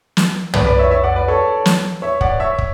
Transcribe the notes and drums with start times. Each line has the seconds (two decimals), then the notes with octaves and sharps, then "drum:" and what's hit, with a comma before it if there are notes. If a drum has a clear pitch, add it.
0.17 drum: snare
0.54 B4 D5, drum: tom
0.66 B4 D5
0.78 C#5 E5
0.91 C#5 E5
1.03 D5 F#5
1.16 B4 D5
1.28 A4 C#5
1.66 drum: snare
2.02 C#5 E5
2.21 D5 F#5, drum: kick
2.40 C#5 E5
2.58 drum: kick